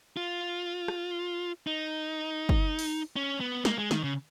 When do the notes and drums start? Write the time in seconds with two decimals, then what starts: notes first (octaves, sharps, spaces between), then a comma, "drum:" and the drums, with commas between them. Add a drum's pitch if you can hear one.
0.17 F4
0.88 drum: rim click
1.67 D#4
2.49 drum: kick
2.79 drum: open hi-hat
3.16 C#4
3.40 B3
3.65 A#3, drum: snare
3.78 G#3
3.91 D#3, drum: snare
4.04 C#3